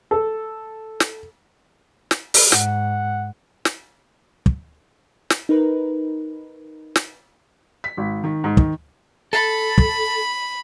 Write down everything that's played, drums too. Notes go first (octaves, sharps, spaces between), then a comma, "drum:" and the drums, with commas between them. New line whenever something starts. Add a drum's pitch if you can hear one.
A4
drum: snare
drum: snare
drum: open hi-hat
G#2 F#5, drum: snare
drum: snare
drum: kick
drum: snare
D#4 A#4 B4
drum: snare
B6
G#1
D#3
G#2
D#3, drum: kick
A4 B5
drum: kick